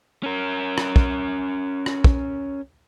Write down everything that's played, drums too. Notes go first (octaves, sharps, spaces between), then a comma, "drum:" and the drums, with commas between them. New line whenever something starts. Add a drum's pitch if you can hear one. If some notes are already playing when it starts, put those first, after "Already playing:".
C#4 A#4
drum: rim click
drum: kick
drum: rim click
drum: kick